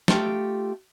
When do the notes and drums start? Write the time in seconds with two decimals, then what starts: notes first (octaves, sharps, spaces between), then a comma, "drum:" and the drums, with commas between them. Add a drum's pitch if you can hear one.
0.08 A3 F4 G4 G5, drum: snare